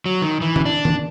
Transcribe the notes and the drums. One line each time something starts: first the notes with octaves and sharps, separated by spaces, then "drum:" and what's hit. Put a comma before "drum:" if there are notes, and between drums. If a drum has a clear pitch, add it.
F#3
D#3
E3
drum: tom D#3
D4
drum: tom D#3